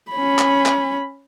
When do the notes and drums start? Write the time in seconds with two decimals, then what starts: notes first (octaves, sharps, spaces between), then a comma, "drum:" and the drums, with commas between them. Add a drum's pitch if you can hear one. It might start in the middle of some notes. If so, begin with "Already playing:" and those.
0.11 C#4 B5
0.39 drum: clap
0.66 drum: clap